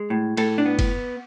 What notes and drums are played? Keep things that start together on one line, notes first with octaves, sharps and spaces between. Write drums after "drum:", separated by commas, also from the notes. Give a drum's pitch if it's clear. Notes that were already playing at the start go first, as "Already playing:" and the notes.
Already playing: G#3
A2
A2 A4, drum: cymbal
D4
B3
drum: kick F#1, cymbal